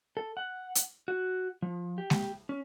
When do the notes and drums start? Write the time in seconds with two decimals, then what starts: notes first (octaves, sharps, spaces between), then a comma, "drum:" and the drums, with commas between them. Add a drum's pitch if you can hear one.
0.17 A4
0.37 F#5
0.75 drum: hi-hat
1.08 F#4
1.62 F3
1.98 G4
2.10 drum: snare G#3
2.49 C#4